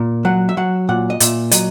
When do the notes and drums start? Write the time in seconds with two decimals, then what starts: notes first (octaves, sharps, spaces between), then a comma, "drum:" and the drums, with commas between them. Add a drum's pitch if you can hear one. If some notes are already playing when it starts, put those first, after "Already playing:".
Already playing: A#2
0.25 F#3 F#5
0.49 E5
0.57 F#3 F#5
0.89 A#2 F#5
1.10 D#5
1.20 A#2 E5, drum: hi-hat
1.51 F#3 D#5, drum: hi-hat